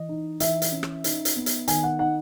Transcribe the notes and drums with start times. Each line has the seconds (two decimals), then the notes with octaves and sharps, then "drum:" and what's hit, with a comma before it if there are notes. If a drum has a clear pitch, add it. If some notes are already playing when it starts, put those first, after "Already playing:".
Already playing: E3 D#5
0.09 D#4
0.40 E3 E5, drum: hi-hat
0.62 drum: hi-hat
0.72 C#4
0.83 drum: rim click
1.04 D#4, drum: hi-hat
1.25 drum: hi-hat
1.36 B3
1.46 drum: hi-hat
1.68 D#3 G#5, drum: hi-hat
1.83 F#5
1.99 D#4 F#5